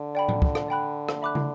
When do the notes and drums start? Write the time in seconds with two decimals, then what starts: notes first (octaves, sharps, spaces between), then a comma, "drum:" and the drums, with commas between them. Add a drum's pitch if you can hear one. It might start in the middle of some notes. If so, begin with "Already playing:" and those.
Already playing: D3
0.15 D5 G5 B5
0.29 drum: tom A2
0.42 drum: kick
0.55 drum: rim click
0.68 D5 G5 B5 F#6
1.09 drum: rim click
1.22 E5 B5 D6 F#6
1.35 drum: tom